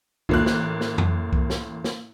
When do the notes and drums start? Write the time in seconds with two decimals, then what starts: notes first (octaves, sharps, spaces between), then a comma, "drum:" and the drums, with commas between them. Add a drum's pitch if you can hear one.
0.29 A1 A#3 F#6, drum: kick C2
0.46 drum: snare
0.81 drum: snare
0.98 drum: tom F2
1.33 drum: kick C2
1.50 drum: snare
1.84 drum: snare